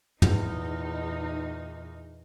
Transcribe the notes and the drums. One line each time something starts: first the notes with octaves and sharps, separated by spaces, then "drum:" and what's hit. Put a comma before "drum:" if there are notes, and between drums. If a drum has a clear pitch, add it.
E2 A#2 D#4, drum: tom